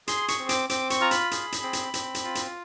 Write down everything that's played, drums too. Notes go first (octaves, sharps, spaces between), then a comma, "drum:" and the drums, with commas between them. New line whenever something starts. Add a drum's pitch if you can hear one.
G#4 C6, drum: hi-hat
C#6, drum: hi-hat
C4
D6, drum: hi-hat
C4 D6, drum: hi-hat
C#6, drum: hi-hat
F4 A#5
B5, drum: hi-hat
G#4, drum: hi-hat
drum: hi-hat
C4
drum: hi-hat
C4, drum: hi-hat
drum: hi-hat
F4
drum: hi-hat